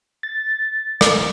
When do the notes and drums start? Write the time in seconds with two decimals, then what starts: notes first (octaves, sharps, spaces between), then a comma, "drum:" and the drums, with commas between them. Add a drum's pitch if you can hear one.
0.23 A6
1.01 drum: rim click